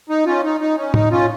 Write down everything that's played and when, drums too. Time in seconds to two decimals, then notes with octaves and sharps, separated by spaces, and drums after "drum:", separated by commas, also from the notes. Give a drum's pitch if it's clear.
0.09 D#4
0.26 C#4 F4
0.44 D#4
0.61 D#4
0.77 C#4
0.94 D#4, drum: tom
1.11 C#4 F4